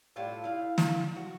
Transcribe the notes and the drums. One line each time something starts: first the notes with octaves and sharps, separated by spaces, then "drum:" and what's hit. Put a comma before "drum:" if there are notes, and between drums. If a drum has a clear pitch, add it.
A2 G3 F4 A4
E4 F5
drum: snare
F#4